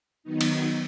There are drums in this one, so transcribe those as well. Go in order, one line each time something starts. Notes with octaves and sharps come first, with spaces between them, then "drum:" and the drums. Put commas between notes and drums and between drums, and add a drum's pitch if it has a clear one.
D#3 F#3 B3 D#4
drum: cymbal